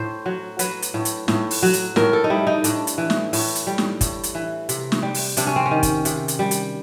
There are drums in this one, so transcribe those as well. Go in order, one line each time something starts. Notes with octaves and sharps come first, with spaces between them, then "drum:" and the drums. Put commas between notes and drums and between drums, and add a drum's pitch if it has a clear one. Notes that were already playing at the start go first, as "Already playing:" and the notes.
Already playing: A2 C5
F#3
F#3 B4, drum: hi-hat
drum: hi-hat
A2
drum: hi-hat
A2, drum: snare
drum: open hi-hat
F#3
drum: hi-hat
A2 A#4, drum: snare
A4
D#4
G3 E4
D#4
A2 D4, drum: hi-hat
drum: hi-hat
E3
drum: snare
A2, drum: open hi-hat
drum: hi-hat
G3
drum: snare
A2, drum: kick, hi-hat
drum: hi-hat
E3
C3, drum: hi-hat
drum: snare
G3
drum: open hi-hat
C3 D4, drum: hi-hat
C#4
C4
C#4
D#3
drum: kick, hi-hat
C3, drum: hi-hat
drum: hi-hat
G3
drum: hi-hat